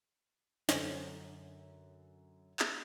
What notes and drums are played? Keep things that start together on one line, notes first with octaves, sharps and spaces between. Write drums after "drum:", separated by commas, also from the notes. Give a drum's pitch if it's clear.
F#2 D3 C#4 C5 C#5 D#5, drum: snare
drum: clap